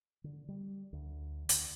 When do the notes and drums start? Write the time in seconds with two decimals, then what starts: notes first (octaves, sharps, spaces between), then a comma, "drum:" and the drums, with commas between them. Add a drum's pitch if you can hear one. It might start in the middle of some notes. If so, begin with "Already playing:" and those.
0.24 D3
0.48 G3
0.93 D2
1.49 D2, drum: hi-hat